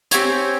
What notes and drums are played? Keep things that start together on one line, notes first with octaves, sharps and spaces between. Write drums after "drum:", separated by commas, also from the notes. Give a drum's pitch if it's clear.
C4 G4 C#5 G#5, drum: hi-hat